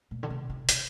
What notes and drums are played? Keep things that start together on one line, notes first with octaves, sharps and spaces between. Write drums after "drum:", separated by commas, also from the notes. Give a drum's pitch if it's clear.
A#2
D3
C3
C3
C3, drum: hi-hat